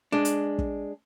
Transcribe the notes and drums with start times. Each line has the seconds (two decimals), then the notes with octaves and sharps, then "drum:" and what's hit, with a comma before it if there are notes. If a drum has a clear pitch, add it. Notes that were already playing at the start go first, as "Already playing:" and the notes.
0.12 G#3 D4
0.25 drum: hi-hat
0.59 drum: kick